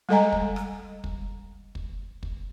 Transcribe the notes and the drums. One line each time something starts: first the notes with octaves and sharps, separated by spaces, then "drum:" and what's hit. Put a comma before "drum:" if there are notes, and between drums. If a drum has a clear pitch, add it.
G3 G#3 A4 D#5 G#5 A#5
drum: kick
drum: rim click
drum: kick
drum: kick
drum: kick